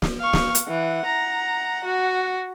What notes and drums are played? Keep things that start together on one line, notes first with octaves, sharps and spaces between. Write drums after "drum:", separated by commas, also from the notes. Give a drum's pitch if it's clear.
drum: snare
F5 C#6
drum: snare
drum: hi-hat
E3 F#5
A#5
F#4